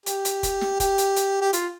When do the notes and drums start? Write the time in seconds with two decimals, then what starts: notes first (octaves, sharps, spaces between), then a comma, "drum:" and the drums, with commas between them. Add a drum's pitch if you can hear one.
0.06 G4, drum: hi-hat
0.25 drum: hi-hat
0.43 drum: kick F1, hi-hat
0.61 drum: snare
0.80 G4, drum: kick F1, hi-hat
0.98 drum: hi-hat
1.16 drum: hi-hat
1.41 G4
1.53 F4, drum: hi-hat